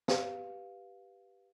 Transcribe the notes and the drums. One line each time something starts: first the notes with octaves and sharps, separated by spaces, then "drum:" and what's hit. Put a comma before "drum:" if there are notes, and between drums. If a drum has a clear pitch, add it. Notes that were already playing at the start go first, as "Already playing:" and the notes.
G4 B4 F5, drum: snare